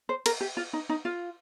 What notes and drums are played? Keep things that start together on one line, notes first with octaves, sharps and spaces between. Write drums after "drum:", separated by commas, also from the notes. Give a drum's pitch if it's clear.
C5
A#4, drum: cymbal
G4
F4
D#4
D#4
F4